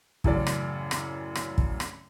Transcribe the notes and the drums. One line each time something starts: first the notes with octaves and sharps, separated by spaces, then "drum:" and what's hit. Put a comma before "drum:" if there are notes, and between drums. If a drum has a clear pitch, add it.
A1 F#2 C#3 D5, drum: kick
drum: rim click
drum: rim click
drum: rim click
drum: kick
drum: rim click